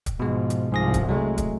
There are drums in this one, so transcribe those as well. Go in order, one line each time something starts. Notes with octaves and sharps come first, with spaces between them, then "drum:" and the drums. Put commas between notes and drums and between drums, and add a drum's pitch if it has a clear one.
drum: kick, hi-hat
G#2 B2 F3 G#3
drum: hi-hat
C2 G#2 F3 G#4 A#6
drum: kick, hi-hat
F#3 G#3 A3
drum: kick, hi-hat